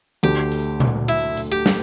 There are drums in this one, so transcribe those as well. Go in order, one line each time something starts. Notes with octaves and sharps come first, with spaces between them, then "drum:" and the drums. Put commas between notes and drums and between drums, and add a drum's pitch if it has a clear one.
D2 D3 A3 G4, drum: hi-hat
drum: hi-hat
drum: tom A#2
E4, drum: hi-hat
drum: hi-hat
G4
drum: snare